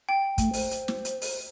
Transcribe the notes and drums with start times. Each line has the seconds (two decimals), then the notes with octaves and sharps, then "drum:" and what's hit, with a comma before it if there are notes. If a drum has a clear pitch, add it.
0.09 G5
0.38 A3, drum: kick, hi-hat
0.53 C5, drum: open hi-hat
0.71 drum: hi-hat
0.88 drum: snare
1.05 drum: hi-hat
1.21 drum: open hi-hat